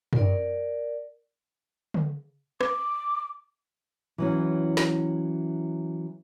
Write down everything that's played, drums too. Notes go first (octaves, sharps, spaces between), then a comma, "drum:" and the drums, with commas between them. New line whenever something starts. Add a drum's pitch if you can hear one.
A#4 D5, drum: tom F#2
drum: tom C#3
D6, drum: rim click
E3 F#3 C#4
drum: snare